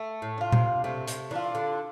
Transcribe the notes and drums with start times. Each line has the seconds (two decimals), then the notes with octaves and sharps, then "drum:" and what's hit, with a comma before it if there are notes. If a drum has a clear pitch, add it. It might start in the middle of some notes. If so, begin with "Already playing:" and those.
Already playing: A3
0.22 A2
0.38 D4 F4
0.52 C3, drum: tom A#2
0.84 C3 A3
1.07 C3, drum: hi-hat
1.31 E3 D4 F4
1.55 D3